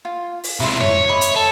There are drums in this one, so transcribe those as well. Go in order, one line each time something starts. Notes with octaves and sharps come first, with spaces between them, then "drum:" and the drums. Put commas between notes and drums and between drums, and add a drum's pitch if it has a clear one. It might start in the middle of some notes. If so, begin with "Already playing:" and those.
F4
drum: open hi-hat
C3 G#3 E4 E5 C6
C#5, drum: tom F2
D#5 B5 D6
drum: hi-hat
A4